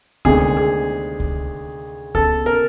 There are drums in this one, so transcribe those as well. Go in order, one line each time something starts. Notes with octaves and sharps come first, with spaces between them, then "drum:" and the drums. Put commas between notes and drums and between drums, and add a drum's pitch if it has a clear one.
D2 C3 D#3 G#3 G#4, drum: kick C#2
G#4
drum: kick C#2
A4, drum: kick C#2
A#4